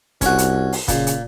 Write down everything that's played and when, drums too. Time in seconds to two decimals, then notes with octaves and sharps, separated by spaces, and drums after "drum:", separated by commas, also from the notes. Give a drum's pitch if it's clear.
0.21 C2 C#4 F#4, drum: kick, hi-hat
0.38 drum: hi-hat
0.73 drum: open hi-hat
0.88 A#2 C#3, drum: kick, hi-hat
1.07 drum: hi-hat